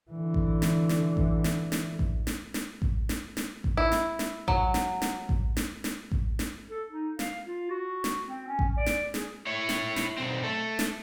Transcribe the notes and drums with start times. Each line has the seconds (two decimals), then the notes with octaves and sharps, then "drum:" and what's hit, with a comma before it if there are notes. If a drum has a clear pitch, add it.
0.11 D3 E3
0.34 drum: kick A1
0.62 drum: snare
0.89 drum: snare
1.17 drum: kick A1
1.44 drum: snare
1.72 drum: snare
1.99 drum: kick A1
2.27 drum: snare
2.54 drum: snare
2.82 drum: kick A1
3.09 drum: snare
3.37 drum: snare
3.64 drum: kick A1
3.77 E4
3.92 drum: snare
4.19 drum: snare
4.48 F#3, drum: kick A1
4.74 drum: snare
5.02 drum: snare
5.29 drum: kick A1
5.57 drum: snare
5.84 drum: snare
6.12 drum: kick A1
6.39 drum: snare
6.70 A4
6.90 D#4
7.19 F5, drum: snare
7.45 F4
7.70 F#4
8.04 drum: snare
8.28 C4
8.48 C#4
8.59 drum: kick A1
8.77 D5
8.86 drum: snare
9.14 G#4, drum: snare
9.47 E4 C#5
9.69 drum: snare
9.96 drum: snare
10.18 B1 C4
10.44 A3 A4
10.79 drum: snare